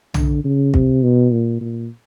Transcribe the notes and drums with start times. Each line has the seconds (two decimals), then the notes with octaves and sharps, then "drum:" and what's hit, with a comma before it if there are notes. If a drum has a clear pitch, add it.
0.14 D3, drum: tom
0.44 C#3
0.74 C3, drum: kick
1.03 B2
1.32 A#2
1.61 A#2